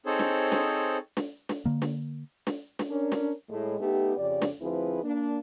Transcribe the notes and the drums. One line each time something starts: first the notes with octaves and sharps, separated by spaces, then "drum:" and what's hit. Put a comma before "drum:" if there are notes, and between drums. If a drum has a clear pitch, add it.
C4 D#4 G#4 A4 C5 C#5
drum: snare
drum: snare
drum: snare
drum: snare
D3 A#3
drum: snare
drum: snare
drum: snare
C#4 D4 A#4
drum: snare
A2 G#3
A3 B3 D#4 G4
F2 C#3 G4 D5
drum: snare
D2 F3 C4 E4 G#4 B4
A#3 D4